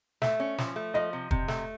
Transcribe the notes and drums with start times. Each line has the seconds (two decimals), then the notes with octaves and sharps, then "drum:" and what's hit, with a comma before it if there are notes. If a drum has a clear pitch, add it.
0.22 A3 E5, drum: snare
0.40 C#4
0.58 F3, drum: snare
0.76 A3
0.94 F3 D#5
1.13 C3
1.31 C3, drum: kick
1.48 A3, drum: snare